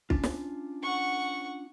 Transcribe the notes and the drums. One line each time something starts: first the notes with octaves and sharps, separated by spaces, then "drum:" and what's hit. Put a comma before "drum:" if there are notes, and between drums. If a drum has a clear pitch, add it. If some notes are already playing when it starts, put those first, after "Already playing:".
C#4 D4 F4, drum: kick
drum: snare
F#5 C#6